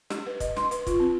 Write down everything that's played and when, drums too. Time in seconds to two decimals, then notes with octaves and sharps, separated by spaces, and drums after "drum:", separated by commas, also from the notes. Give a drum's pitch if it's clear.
0.10 G4, drum: snare
0.26 B4
0.40 D#5, drum: kick, hi-hat
0.56 C6, drum: snare
0.71 B4, drum: hi-hat
0.87 F4, drum: kick, hi-hat
1.00 C4